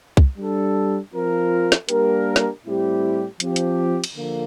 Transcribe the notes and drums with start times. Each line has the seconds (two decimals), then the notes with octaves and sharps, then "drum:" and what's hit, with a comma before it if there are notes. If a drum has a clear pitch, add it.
0.17 drum: kick C2
0.37 G3 D4 A4
1.14 F3 C4 F4 A#4
1.72 drum: snare
1.89 G3 A#3 D4 G4 A#4, drum: hi-hat
2.36 drum: snare
2.65 A2 G3 C4 E4 G4
3.40 F3 C4 G4, drum: hi-hat
3.56 drum: hi-hat
4.04 drum: cymbal
4.15 D3 F3 A#3